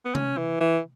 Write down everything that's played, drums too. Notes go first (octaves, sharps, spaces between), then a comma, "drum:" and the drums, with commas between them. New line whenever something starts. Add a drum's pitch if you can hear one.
B3
C#4, drum: tom C3
E3
E3